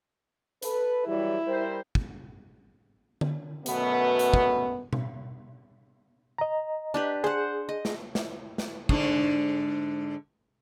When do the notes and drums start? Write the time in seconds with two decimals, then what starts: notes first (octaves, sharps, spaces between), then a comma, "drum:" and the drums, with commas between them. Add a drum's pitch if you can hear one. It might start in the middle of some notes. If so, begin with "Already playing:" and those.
0.62 A4 B4, drum: hi-hat
1.06 E3 F#3 G3 E4
1.47 G3 A#4 C5
1.95 drum: kick
3.21 drum: tom D3
3.66 F#2 B2 A3 B3, drum: hi-hat
4.19 drum: hi-hat
4.34 drum: kick
4.93 drum: tom B2
6.38 D#5 A#5
6.94 D4 G4 B4
7.24 G#4 C5 F#5
7.69 D#5
7.85 drum: snare
8.15 drum: snare
8.58 drum: snare
8.89 G#2 D3 D4, drum: kick